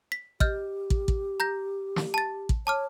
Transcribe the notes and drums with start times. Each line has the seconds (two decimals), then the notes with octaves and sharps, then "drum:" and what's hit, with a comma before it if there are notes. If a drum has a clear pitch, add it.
0.12 B6
0.40 G4 D#5 F6 G6, drum: kick
0.90 drum: kick
1.08 drum: kick
1.40 A#5 G6 A#6
1.96 drum: snare
2.14 A5 A6
2.49 drum: kick
2.67 C#5 A5 D6 F6